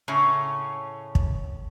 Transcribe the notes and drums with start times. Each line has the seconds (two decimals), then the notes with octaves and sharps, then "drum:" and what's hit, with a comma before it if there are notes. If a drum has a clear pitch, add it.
0.08 A2 C#3 C#4
1.15 drum: kick